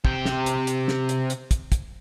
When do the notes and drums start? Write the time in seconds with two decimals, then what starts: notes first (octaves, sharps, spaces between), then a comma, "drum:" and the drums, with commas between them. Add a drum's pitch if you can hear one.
0.05 C3 G5, drum: kick
0.25 drum: snare
0.46 drum: hi-hat
0.67 drum: hi-hat
0.88 drum: snare
1.09 drum: hi-hat
1.30 drum: hi-hat
1.51 drum: kick, hi-hat
1.72 drum: kick, hi-hat